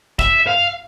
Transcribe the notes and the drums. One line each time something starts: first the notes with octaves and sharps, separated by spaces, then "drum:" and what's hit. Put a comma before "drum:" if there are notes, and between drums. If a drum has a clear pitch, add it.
E5, drum: kick
F5